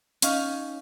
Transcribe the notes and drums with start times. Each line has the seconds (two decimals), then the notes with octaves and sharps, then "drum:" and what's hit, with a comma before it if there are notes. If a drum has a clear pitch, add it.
0.22 C#4 D#4 F5, drum: hi-hat